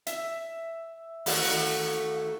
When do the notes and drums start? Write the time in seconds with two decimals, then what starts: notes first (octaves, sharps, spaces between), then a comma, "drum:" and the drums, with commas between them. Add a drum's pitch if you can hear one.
0.07 E5, drum: hi-hat
1.26 D#2 A3 F#4, drum: open hi-hat